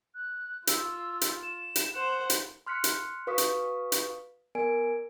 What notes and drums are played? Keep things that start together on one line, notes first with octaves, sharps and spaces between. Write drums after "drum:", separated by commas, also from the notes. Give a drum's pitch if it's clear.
F#6
F4 E6, drum: hi-hat
drum: hi-hat
E7
drum: hi-hat
C5 F#5
drum: hi-hat
C6 F6 F#6 B6 C#7
drum: hi-hat
F#4 B4 F5 C#6 D#6 B6
drum: hi-hat
drum: hi-hat
B3 A#4 D5 G#5 D7